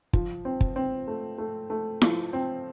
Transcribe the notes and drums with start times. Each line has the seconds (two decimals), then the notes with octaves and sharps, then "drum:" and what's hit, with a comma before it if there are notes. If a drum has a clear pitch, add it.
0.13 F3, drum: kick
0.45 C4
0.61 drum: kick
0.76 C4
1.07 A3
1.38 A3
1.70 A3
2.02 F3, drum: snare E4
2.33 C4